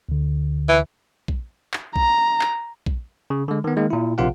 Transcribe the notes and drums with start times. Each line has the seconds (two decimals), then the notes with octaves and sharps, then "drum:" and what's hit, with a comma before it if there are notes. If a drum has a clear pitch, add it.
0.09 D2 D3
0.69 E3
1.28 drum: kick A#1
1.74 drum: clap
1.96 A#5, drum: kick A#1
2.41 drum: clap
2.86 drum: kick A#1
3.30 C#3
3.48 D3 G#3
3.64 D#3 B3
3.77 D#3 G#3 A#3
3.90 A#2 E4
4.18 A#1 C3 F4 F5 F#5